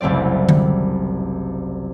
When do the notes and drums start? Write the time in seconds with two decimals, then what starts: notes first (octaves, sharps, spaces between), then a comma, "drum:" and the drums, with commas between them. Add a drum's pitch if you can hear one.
0.01 F#1 C2 A3 C4 D5
0.49 drum: tom D3